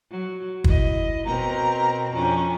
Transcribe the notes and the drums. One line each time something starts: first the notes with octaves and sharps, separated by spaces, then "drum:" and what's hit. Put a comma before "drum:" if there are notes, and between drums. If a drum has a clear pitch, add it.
F#3
E4 D#5, drum: kick
B2 C4 A#4 A#5
F2 C#4 D4 A#5